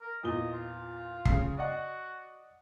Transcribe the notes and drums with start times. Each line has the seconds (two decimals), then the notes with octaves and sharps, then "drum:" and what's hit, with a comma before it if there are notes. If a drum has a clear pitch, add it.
0.01 A#4
0.23 E2 A#2 D#5 G7
0.53 F4
1.25 C#3 C7, drum: kick
1.57 F#4 D5 D#5 F#5